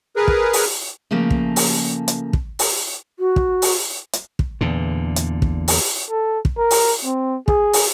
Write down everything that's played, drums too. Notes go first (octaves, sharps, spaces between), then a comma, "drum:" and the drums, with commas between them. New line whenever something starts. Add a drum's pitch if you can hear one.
G#4 A#4 B4
drum: kick
drum: open hi-hat
C#3 F3 A3 A#3
drum: kick
drum: open hi-hat
drum: hi-hat
drum: kick
drum: open hi-hat
F#4
drum: kick
drum: open hi-hat
drum: hi-hat
drum: kick
E2 A#2 D3
drum: hi-hat
drum: kick
drum: open hi-hat
A4
drum: kick
A#4
drum: open hi-hat
C4
G#4, drum: kick
drum: open hi-hat